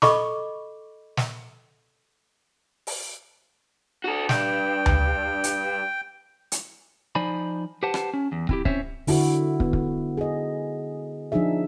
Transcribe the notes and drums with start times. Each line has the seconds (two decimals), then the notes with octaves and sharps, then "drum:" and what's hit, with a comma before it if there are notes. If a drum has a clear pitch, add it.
0.02 A4 D#5 B5 C#6 D6, drum: snare
1.17 drum: snare
2.87 drum: open hi-hat
4.04 F#4 A4
4.29 G2 G5, drum: snare
4.86 drum: tom D2
5.44 drum: hi-hat
6.52 drum: hi-hat
7.15 F3 D#4 C5 D5 G#5 B5
7.83 G4 B4 C5 F#5 A5
7.94 drum: rim click
8.14 C#4
8.32 E2
8.49 C4 E4 G4, drum: kick
8.65 C4 C#4 C5 C#5 E5, drum: kick
9.07 D3 E4 F#4, drum: open hi-hat
9.60 B3, drum: kick
9.73 drum: kick
10.17 G#4 D#5
11.32 F3 D4 D#4 G#4 E5